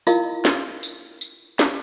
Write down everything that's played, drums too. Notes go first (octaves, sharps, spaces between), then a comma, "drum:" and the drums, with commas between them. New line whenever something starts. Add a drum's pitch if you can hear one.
E4 F4 A#4 D#5 F5, drum: tambourine
drum: snare
drum: tambourine
drum: tambourine
drum: snare